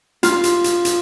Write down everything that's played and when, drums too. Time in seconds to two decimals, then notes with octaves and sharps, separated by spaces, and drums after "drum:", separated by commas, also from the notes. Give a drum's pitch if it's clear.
0.23 F4, drum: hi-hat
0.44 drum: hi-hat
0.64 drum: hi-hat
0.85 drum: hi-hat